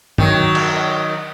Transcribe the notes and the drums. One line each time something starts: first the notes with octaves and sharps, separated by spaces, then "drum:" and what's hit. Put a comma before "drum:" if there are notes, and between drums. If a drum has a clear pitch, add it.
D#3 F#3, drum: tom
drum: cymbal